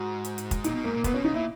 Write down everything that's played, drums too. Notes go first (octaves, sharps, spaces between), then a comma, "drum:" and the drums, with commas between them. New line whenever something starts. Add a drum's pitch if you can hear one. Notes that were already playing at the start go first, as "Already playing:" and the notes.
Already playing: G#2 F#4
drum: hi-hat
drum: hi-hat
drum: kick, hi-hat
A#2 D#4, drum: hi-hat
B2
G#2 A#3
A#2
A#2 B3, drum: kick, hi-hat
B2 C#4
C#3 D#4
A#2 E4